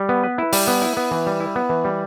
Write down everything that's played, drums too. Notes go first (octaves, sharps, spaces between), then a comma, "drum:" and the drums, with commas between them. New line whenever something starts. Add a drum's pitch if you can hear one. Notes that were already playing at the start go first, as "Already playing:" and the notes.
Already playing: G3
B3
B4
E4
G3, drum: open hi-hat
B3
E4
B3
E3
G3
E4
B3
E3
G3